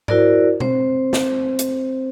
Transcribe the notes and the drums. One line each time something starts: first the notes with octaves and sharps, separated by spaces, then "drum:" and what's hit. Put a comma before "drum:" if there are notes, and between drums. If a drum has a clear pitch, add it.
E4 F#4 A#4 C5 D5, drum: tom G#2
C4 C5, drum: tom B2
drum: snare
drum: hi-hat